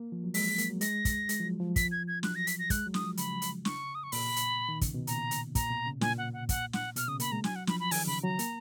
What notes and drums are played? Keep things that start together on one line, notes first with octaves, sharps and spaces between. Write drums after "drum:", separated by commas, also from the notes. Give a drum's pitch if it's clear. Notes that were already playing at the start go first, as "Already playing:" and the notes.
Already playing: A#3
F3
F#3
G#3 B6, drum: open hi-hat
A#3, drum: hi-hat
F#3
G#3 A#6, drum: hi-hat
drum: kick, hi-hat
G#3, drum: hi-hat
F3
F#3
F3
B6, drum: kick, hi-hat
G#6
G#6
F#3 F#6, drum: snare
A#6
B6, drum: hi-hat
A#6
G#3 F#6, drum: kick, hi-hat
F#3
D#6, drum: snare
F3
C#3 B5, drum: hi-hat
drum: hi-hat
C#6, drum: snare
D#6
C#6
A#2 B5, drum: open hi-hat
drum: hi-hat
D#3
C#3, drum: kick, hi-hat
B2
A#2 A#5, drum: hi-hat
drum: hi-hat
A#2 A#5, drum: kick, hi-hat
B2
C#3
A#2 G#5, drum: snare
F#5
F#5
F#5, drum: kick, hi-hat
F#5, drum: snare
B2 F6, drum: hi-hat
C#3 D#6
A#3 B5, drum: hi-hat
G#3 A#5
F#3 G#5, drum: snare
F#5
F3 B5, drum: snare
B5
D#3 G#5, drum: open hi-hat
C#3 B5
F#3 A#5
A#3, drum: hi-hat